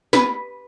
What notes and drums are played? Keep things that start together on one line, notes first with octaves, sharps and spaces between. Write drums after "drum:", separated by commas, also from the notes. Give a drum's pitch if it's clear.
B4, drum: snare